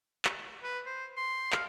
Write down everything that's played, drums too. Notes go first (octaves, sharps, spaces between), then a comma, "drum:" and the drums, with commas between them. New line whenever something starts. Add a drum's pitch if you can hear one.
drum: clap
B4
C5
C6
F5, drum: clap